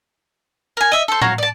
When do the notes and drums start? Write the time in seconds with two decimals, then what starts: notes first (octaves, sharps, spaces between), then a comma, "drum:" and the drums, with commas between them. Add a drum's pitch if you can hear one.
0.77 A#4 G#5
0.92 D#5 E5
1.08 A4 C5
1.21 F#4 C#5 F5 A#5, drum: tom A2
1.38 D5 A5